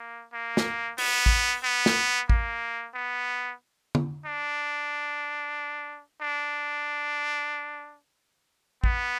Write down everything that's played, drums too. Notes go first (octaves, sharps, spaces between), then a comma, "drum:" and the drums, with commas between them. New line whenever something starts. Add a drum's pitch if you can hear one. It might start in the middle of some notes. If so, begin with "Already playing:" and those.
Already playing: A#3
A#3
drum: snare
B3, drum: open hi-hat
drum: kick A1
B3
drum: snare
A#3, drum: kick A1
B3
drum: tom
D4
D4
B3, drum: kick A1